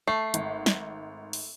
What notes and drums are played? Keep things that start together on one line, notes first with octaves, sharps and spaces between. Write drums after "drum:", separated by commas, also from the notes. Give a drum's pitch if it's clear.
A3 C7
G#1, drum: hi-hat
drum: snare
drum: open hi-hat